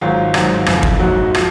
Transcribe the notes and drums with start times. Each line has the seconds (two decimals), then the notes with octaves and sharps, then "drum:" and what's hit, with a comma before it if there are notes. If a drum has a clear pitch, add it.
0.01 G#1 G#2 F#3 F4
0.34 G#1 G#2 F#3, drum: rim click
0.66 F#1 F2 F3, drum: rim click
0.83 drum: kick
0.99 A#1 G#2 F#3 F#4
1.34 F3, drum: rim click